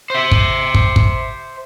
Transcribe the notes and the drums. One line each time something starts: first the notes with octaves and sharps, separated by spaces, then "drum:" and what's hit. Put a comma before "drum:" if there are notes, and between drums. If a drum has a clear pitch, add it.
C5 E5
drum: kick
drum: kick
drum: kick